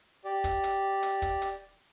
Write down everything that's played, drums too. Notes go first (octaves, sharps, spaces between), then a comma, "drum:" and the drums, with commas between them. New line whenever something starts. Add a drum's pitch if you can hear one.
G4 D5
drum: kick, hi-hat
drum: hi-hat
drum: hi-hat
drum: kick, hi-hat
drum: hi-hat